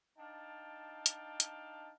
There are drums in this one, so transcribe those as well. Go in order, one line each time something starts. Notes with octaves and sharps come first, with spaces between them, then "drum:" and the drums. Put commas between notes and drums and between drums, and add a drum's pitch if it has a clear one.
D4 D#4 F5 G5 A5
drum: hi-hat
drum: hi-hat